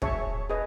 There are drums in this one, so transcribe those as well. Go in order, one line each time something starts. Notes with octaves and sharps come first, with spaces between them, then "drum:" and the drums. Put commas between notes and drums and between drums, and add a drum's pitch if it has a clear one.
G#4 C#5 E5 A5 C#6, drum: kick
G#4 B4 D#5